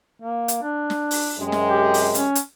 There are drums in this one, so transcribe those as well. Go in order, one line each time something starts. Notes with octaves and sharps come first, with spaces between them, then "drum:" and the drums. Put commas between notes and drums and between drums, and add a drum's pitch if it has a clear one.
A#3
drum: hi-hat
D4
drum: snare
drum: open hi-hat
F#2 C3 G#3
drum: snare
G4
drum: open hi-hat
C#4, drum: hi-hat
drum: hi-hat